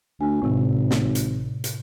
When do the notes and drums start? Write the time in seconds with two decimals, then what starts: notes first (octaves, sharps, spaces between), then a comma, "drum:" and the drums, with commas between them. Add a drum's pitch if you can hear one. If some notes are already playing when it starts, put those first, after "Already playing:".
0.21 D2 G#5
0.42 G#1 A2 C3
0.91 drum: snare
1.15 drum: hi-hat
1.64 drum: hi-hat